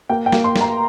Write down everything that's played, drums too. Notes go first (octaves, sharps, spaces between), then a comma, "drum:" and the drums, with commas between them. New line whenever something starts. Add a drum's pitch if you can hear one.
A#3 G5
G5
A#3, drum: snare
C6
A#3, drum: snare
A#5